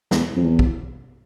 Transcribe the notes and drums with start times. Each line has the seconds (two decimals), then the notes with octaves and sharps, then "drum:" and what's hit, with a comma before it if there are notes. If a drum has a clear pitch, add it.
0.11 E2, drum: snare
0.36 F2
0.44 E2
0.59 drum: kick